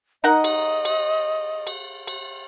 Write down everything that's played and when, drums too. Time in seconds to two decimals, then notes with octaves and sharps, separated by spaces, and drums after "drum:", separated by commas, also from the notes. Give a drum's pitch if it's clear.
0.24 D#4 A#4 D#5 F#5
0.44 drum: cymbal
0.85 drum: cymbal
1.67 drum: cymbal
2.07 drum: cymbal